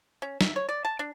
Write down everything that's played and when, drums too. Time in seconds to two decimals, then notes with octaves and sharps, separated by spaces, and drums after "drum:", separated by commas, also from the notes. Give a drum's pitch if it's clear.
0.22 C#4
0.41 E5, drum: snare
0.56 C#5
0.69 D5
0.85 A5
0.99 D4